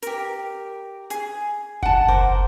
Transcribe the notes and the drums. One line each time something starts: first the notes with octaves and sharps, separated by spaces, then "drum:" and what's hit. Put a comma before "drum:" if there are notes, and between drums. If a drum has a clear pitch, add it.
G4 A#4, drum: hi-hat
G#4, drum: hi-hat
F#5 A5, drum: kick F#1
A#4 C5 D6, drum: kick F#1